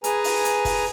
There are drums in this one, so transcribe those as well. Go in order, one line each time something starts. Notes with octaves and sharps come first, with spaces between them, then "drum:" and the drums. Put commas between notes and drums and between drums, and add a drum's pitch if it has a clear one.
G#4 B4 G#5 A#5, drum: hi-hat
drum: open hi-hat
drum: hi-hat
drum: kick, open hi-hat